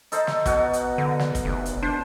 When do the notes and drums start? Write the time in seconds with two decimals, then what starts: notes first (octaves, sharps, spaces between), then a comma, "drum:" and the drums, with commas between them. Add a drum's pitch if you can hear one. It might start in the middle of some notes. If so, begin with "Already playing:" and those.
0.12 D#4 A4 C5, drum: hi-hat
0.27 drum: snare
0.46 B2 F#4, drum: kick, hi-hat
0.73 drum: hi-hat
0.98 D3
1.19 drum: snare
1.35 drum: kick, hi-hat
1.45 F1
1.66 drum: hi-hat
1.83 D4 C5